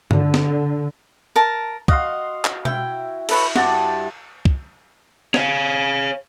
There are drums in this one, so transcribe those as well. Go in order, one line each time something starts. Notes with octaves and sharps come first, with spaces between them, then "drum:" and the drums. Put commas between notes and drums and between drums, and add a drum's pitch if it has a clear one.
D3, drum: tom G2
drum: snare
A#4 A5
F#4 D#5 F5 C6, drum: kick
drum: clap
E4 G5, drum: tom B2
A4 B4 C#5, drum: cymbal
G2 F#4 D5 A5, drum: snare
drum: kick
C#5 F5, drum: snare